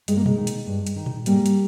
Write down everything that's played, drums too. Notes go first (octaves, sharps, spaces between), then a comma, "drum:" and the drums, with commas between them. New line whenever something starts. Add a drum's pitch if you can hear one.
G2 G#3, drum: hi-hat
A#3
G#3, drum: tom A#2
D#3
drum: hi-hat
G2
drum: hi-hat
D#3
drum: tom A#2
G#2 G3 A#3, drum: hi-hat
drum: hi-hat